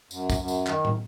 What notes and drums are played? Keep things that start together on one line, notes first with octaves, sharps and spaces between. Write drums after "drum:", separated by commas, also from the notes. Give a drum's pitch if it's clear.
F#2, drum: tambourine
drum: kick, tambourine
F#2
drum: tambourine
D#3, drum: clap
drum: tom